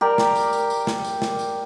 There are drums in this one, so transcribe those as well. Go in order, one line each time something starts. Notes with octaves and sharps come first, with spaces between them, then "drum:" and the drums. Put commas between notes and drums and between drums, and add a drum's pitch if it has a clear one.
G4 A#4 D5
drum: snare
drum: tambourine
drum: tambourine
drum: tambourine
drum: snare
drum: tambourine
drum: snare
drum: tambourine